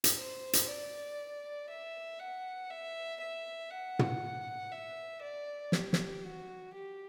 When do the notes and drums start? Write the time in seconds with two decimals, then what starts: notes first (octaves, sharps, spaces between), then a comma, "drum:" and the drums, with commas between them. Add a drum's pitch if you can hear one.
0.04 drum: hi-hat
0.17 C5
0.53 drum: hi-hat
0.68 D5
1.69 E5
2.19 F#5
2.70 E5
3.20 E5
3.71 F#5
3.99 drum: tom
4.72 E5
5.22 D5
5.72 G4, drum: snare
5.93 drum: snare
6.23 F#4
6.74 G4